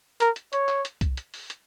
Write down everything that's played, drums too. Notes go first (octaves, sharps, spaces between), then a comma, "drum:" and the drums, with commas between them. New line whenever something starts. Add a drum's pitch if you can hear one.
A#4, drum: hi-hat
drum: hi-hat
C#5, drum: hi-hat
drum: clap
drum: hi-hat
drum: kick C2, hi-hat
drum: hi-hat
drum: open hi-hat
drum: hi-hat